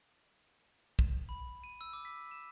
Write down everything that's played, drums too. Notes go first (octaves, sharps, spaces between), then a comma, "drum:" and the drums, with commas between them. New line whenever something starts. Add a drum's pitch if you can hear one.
drum: kick
B5
D#7
E6
D6
B6
E7